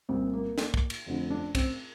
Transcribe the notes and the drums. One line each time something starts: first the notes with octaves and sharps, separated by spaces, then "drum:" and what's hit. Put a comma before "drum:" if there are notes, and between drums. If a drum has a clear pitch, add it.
C2 A#2 C4
A#3
drum: snare
drum: kick
drum: cymbal
F1 F2 D3
D4
C4, drum: kick, cymbal